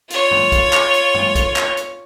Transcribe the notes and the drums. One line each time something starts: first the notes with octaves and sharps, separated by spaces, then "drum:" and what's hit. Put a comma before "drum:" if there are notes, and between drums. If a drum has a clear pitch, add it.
F4 C#5, drum: hi-hat
drum: tom F#2
drum: kick, hi-hat
drum: clap
drum: hi-hat
drum: tom F#2
drum: kick, hi-hat
drum: clap
drum: hi-hat